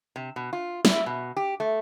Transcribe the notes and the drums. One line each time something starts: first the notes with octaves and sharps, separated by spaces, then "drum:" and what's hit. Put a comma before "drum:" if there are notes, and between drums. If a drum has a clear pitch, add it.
C3
B2
F4
E4, drum: snare
B2
G4
A3